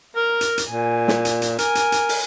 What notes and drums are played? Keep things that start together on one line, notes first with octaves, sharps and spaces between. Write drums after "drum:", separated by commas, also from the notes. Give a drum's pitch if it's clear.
A#4 A#5
drum: hi-hat
drum: hi-hat
A#2 G#5
drum: snare
drum: hi-hat
drum: hi-hat
A#4 G#5, drum: hi-hat
drum: hi-hat
drum: hi-hat
drum: open hi-hat